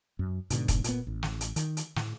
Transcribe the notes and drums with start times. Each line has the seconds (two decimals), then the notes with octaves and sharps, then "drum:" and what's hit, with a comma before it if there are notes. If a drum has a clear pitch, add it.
0.19 F#2
0.50 G#2 B2 D3, drum: hi-hat
0.68 drum: kick, hi-hat
0.84 A#2 B3, drum: hi-hat
1.07 A1
1.23 drum: snare
1.41 drum: hi-hat
1.56 D#3, drum: hi-hat
1.77 drum: hi-hat
1.96 A2, drum: snare